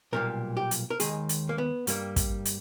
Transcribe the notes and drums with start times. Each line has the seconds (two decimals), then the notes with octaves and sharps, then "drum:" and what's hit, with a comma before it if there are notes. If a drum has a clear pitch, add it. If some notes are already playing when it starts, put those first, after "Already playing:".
0.13 B1 A#2 G3 A#3 A#4
0.57 G4
0.71 drum: hi-hat
0.90 A#4
1.00 D#2 D#3 G#3 G#4, drum: hi-hat
1.29 drum: hi-hat
1.49 A#3
1.58 B3
1.87 G2 G3 A#3, drum: hi-hat
2.16 drum: kick, hi-hat
2.45 drum: hi-hat